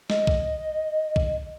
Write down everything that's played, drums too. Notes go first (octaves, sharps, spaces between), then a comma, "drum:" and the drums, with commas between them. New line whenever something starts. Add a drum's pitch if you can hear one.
D#5, drum: snare
drum: kick B1
drum: kick B1